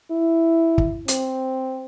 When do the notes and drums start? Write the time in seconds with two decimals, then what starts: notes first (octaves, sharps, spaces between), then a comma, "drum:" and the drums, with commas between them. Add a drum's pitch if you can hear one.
0.11 E4
0.78 drum: kick
1.08 C4, drum: hi-hat